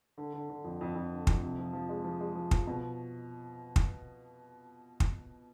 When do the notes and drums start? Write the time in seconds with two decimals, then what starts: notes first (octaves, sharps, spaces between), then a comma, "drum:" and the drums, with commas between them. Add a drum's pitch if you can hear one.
0.18 D3
0.33 D3
0.49 D3
0.64 F2
0.81 F2
0.95 F2
1.12 D3
1.27 F2, drum: kick
1.42 C3
1.59 F3
1.73 F3
1.89 G#3
2.05 F3
2.21 G#3
2.35 F3
2.51 F3, drum: kick
2.67 B2
3.76 drum: kick
5.00 drum: kick